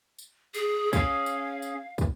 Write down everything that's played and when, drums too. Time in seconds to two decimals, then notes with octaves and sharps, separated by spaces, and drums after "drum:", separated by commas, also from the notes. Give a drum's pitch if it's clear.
0.18 drum: tambourine
0.54 G#4, drum: tambourine
0.93 C#4 G#4 F5, drum: kick, tambourine
1.26 drum: tambourine
1.62 drum: tambourine
1.98 drum: kick, tambourine